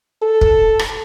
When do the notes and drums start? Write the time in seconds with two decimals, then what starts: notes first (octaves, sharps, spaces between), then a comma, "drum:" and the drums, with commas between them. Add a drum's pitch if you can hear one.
0.22 A4
0.41 drum: kick
0.79 drum: rim click